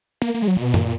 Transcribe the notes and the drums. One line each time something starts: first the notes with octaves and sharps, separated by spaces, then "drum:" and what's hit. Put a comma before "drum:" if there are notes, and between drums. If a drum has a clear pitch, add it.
A#3
A#3
G#3
F#3
A#2
B2
A#2, drum: tom F#2